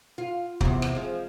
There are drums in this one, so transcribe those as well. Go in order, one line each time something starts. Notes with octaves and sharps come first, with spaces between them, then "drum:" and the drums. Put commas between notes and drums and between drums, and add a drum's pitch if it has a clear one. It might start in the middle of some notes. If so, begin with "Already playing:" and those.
F4
E2 C3, drum: kick
drum: rim click
F3 G#3